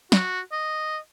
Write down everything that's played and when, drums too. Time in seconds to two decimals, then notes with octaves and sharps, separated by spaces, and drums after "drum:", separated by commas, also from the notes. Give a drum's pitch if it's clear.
0.12 F#4, drum: snare
0.52 D#5